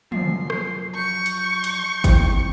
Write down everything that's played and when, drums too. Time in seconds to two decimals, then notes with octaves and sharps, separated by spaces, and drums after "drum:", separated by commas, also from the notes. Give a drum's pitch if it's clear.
0.12 F#2 F3 C7, drum: tom
0.50 drum: rim click
0.95 C#6 G6
1.26 drum: hi-hat
1.64 drum: hi-hat
2.04 C3 E3, drum: kick, hi-hat